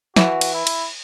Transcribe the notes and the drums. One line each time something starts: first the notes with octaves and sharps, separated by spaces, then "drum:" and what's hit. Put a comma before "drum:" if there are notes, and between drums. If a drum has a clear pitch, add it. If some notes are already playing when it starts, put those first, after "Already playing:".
E3 F#4, drum: snare
drum: cymbal
E4
drum: cymbal